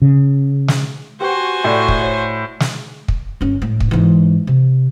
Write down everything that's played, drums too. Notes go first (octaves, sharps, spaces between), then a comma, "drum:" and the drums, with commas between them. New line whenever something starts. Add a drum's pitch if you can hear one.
C#3
drum: snare
F#4 G4 B4 C5 G5 G#5
A2 D5 G5
drum: kick
C#5
drum: snare
drum: kick
G1 C#4
A2
drum: kick
G#2 E3
C3